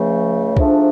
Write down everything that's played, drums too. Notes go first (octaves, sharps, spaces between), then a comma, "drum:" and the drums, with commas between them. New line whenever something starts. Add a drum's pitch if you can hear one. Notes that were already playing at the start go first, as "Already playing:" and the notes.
Already playing: C#2 C#3 F3 A3
G#2 F3 A3 D4, drum: kick